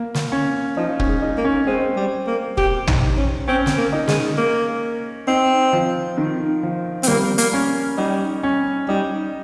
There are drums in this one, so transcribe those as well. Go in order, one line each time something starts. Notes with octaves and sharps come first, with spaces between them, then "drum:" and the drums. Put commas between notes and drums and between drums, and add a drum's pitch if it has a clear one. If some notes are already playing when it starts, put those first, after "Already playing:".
Already playing: A#3
drum: snare
C#4
F3 D#4
C#4, drum: kick
G#3
D#4
A#3
C#4
G#3 C4
G3
A#3
G4, drum: kick
D#4, drum: tom
C#4
C4 C#4
drum: snare
A#3
D#4
G#3, drum: snare
A#3
C4 D#4
F3
D#3
F3
C4, drum: hi-hat
G3 A#3
A#3, drum: hi-hat
C#4
G3 D#4
C#4
G3 D#4